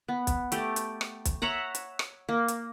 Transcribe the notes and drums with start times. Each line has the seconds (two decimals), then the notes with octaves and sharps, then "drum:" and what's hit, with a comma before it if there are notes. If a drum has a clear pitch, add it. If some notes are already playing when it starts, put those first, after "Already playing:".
0.08 B3
0.27 drum: kick, hi-hat
0.52 A3 G4, drum: hi-hat
0.76 drum: hi-hat
1.01 drum: rim click
1.25 drum: kick, hi-hat
1.42 C#5 E5 F#5 A#5
1.75 drum: hi-hat
1.99 drum: rim click
2.29 A#3
2.48 drum: hi-hat